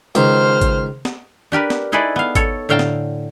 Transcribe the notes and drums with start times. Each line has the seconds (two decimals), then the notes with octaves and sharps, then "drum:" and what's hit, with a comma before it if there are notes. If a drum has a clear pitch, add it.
0.15 C#2 D#3 C5 F6, drum: hi-hat
0.61 drum: kick G#1, hi-hat
1.05 drum: snare
1.52 D4 G4 A#4 B4
1.70 drum: snare
1.92 D#4 E4 G#4 A4 B4 D5
2.16 B3 F5
2.35 A4 C#5, drum: kick G#1, hi-hat
2.69 A2 D3 F5 G5 A5 A#5
2.79 drum: snare